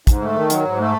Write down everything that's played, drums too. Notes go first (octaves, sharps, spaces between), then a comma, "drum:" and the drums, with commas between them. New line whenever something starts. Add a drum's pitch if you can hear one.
G#2, drum: kick, hi-hat
A3
D#3
F#3, drum: hi-hat
G#2
A3